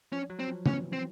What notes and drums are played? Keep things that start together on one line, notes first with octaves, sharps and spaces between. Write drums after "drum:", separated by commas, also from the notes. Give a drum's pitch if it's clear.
F3 C#4
F#3
C4
F3
E3 C#4, drum: tom
C4